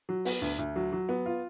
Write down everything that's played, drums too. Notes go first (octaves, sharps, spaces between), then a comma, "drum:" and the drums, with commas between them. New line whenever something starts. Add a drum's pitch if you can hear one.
F#3
B3, drum: open hi-hat
D2
D2
F#3
F#3
B3
F4